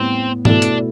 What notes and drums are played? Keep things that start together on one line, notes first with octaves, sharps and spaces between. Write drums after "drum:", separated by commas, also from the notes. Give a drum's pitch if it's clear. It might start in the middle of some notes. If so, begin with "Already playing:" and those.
Already playing: A2 G3 B3 C4
B2 A3 D4 E4 A4, drum: tom G#2
drum: hi-hat